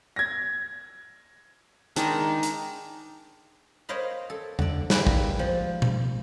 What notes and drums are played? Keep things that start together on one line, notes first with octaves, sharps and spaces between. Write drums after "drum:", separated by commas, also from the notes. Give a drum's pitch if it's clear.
G#6 A#6
D#3 G#3 D4 D#4, drum: hi-hat
drum: hi-hat
A#4 C5 C#5 D#5 F5 B5
A4
D3 D5, drum: tom E2
G3 G#3 A#3 E4 B4 G5, drum: snare
drum: kick
F3
drum: tom B2